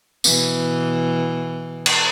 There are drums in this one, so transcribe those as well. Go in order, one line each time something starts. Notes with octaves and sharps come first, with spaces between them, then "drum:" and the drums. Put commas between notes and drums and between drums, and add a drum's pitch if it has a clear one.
B2 E3, drum: tambourine
drum: cymbal